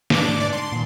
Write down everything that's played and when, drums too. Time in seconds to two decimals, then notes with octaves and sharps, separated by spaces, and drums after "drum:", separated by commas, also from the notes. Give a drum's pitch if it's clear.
0.10 G#2 D4 B4 D6 C#7, drum: snare
0.40 G#2 D5
0.53 A5 C6
0.72 A#2 D#3